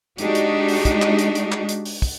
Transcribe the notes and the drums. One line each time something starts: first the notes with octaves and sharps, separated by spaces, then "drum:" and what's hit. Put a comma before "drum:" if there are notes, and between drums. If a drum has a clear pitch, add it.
G#3 D4 D#4 F#4 G4, drum: hi-hat
drum: hi-hat
drum: open hi-hat
drum: kick, hi-hat
drum: clap
drum: hi-hat
drum: hi-hat
drum: clap
drum: hi-hat
drum: open hi-hat
drum: kick, open hi-hat